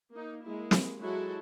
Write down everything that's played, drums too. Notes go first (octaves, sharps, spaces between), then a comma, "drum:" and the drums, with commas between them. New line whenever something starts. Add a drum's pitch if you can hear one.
A#3 D#4
G#3 A#3 E4
drum: snare
F#3 G#3 E4 F#4 A4